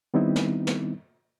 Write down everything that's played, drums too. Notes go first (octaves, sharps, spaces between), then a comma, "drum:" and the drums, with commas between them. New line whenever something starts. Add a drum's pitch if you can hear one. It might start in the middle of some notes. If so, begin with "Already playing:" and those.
D#3 G3 B3 C4 D#4 E4
drum: snare
drum: snare